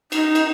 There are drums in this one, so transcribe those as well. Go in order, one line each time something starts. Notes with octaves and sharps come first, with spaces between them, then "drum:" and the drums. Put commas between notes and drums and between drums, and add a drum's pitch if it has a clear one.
D#4, drum: cymbal
drum: cymbal